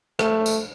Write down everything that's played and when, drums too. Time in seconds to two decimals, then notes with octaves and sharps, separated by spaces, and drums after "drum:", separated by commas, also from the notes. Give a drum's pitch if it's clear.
0.19 A3, drum: rim click
0.46 drum: tambourine